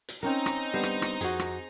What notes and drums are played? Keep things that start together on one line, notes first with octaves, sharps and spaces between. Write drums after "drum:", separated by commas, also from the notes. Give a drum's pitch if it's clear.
drum: hi-hat
C4 C#4 D#4 A#4
drum: rim click
G3 B3 D4 C5
drum: rim click
drum: rim click
F2 F#4 G#4, drum: hi-hat
drum: rim click